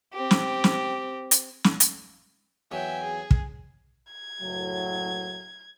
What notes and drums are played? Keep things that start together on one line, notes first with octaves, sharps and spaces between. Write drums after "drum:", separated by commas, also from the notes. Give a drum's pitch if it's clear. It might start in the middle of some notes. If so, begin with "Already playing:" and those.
C4 G4
drum: snare
drum: snare
drum: hi-hat
drum: snare
drum: hi-hat
E2 F#3 E5 G5 G#5
G#4
drum: kick
G#6
F#1 A2 F#3